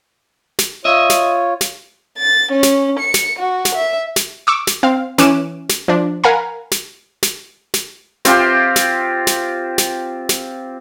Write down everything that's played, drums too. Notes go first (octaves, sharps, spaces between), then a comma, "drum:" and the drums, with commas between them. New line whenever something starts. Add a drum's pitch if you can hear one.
drum: snare
F4 C#5 D#5 E5
drum: snare
drum: snare
A6
C#4
drum: snare
C#7
drum: snare
F#4
drum: snare
E5
drum: snare
C#6 D6 E6
drum: snare
C4 F5
E3 C#4 D6 F#6 D#7 E7, drum: snare
drum: snare
F3 D4
A#4 F5 F#5 G#5 A#5 B5
drum: snare
drum: snare
drum: snare
C4 F4 G4 C6, drum: snare
drum: snare
drum: snare
drum: snare
drum: snare